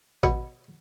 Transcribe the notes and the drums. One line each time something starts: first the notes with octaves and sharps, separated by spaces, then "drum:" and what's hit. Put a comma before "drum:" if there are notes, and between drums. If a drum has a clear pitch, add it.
B2 B3, drum: kick A1, hi-hat